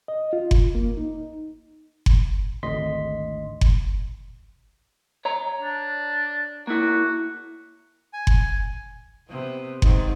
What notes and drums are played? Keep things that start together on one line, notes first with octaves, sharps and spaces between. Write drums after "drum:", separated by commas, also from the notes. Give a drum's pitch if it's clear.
D#5
F4
drum: kick F#1
A#3
D#4
drum: kick F#1
G#1 D2 D#5 C6 B6
drum: kick F#1
C#5 A#5
D4
A#3 E4 F#4
G#5
drum: kick F#1
C3 B3
G#2 D#3 C4, drum: kick F#1